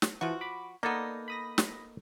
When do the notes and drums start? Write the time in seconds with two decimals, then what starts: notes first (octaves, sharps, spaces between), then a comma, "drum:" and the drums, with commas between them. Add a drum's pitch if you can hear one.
0.02 drum: snare
0.21 E3 F3 F#4 A5 C#6
0.41 B5 D6
0.83 A#3 B3 D#4 A4 D5
1.28 B5 D#6 A#6
1.58 drum: snare